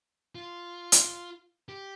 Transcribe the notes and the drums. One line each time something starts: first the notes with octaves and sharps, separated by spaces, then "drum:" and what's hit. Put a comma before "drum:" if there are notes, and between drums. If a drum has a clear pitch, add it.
F4
drum: hi-hat
G4